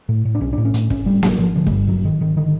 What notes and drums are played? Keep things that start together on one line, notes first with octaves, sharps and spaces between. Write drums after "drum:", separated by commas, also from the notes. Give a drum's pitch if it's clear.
A2
A2
D4
B1 C#4
A2 D4
C#4
A2, drum: hi-hat
G#1 C#4, drum: kick
G#1 G3
G#1 F#3, drum: snare A#3
G#1 F3
D3 F3
G#3, drum: kick
G2 G3
G#1 F#3
G#1 D#3
G#1 D#3
D3 D#3